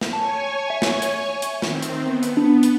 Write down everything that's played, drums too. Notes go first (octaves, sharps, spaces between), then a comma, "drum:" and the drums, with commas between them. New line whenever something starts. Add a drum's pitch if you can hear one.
drum: snare
C#5 G#5 A5 C#6
E5
drum: snare
drum: hi-hat
drum: hi-hat
D#3 C4, drum: snare
drum: hi-hat
B3
drum: hi-hat
B3 D4
drum: hi-hat